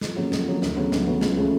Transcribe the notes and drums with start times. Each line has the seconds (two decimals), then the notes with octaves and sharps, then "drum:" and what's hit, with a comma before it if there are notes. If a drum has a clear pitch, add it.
0.01 F2, drum: snare
0.16 C#3 F#3 A#3
0.32 F2, drum: snare
0.47 C#3 F#3 A#3
0.62 D2, drum: snare
0.77 C#3 F#3 B3
0.92 D2, drum: snare
1.06 C#3 F#3 B3
1.21 C#2, drum: snare
1.37 C#3 F3 A3